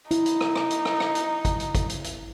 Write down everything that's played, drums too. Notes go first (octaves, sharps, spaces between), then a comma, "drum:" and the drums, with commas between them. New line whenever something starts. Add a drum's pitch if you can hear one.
D#4 E4, drum: hi-hat
drum: hi-hat
drum: rim click
drum: rim click
drum: hi-hat
drum: rim click
drum: rim click
drum: hi-hat
drum: kick, hi-hat
drum: hi-hat
drum: kick, hi-hat
drum: hi-hat
drum: hi-hat